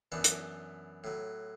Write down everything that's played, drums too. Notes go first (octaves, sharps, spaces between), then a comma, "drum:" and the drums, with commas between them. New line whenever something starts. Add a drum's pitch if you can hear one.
F#2 E3 B3 D4
drum: hi-hat
A2 F#3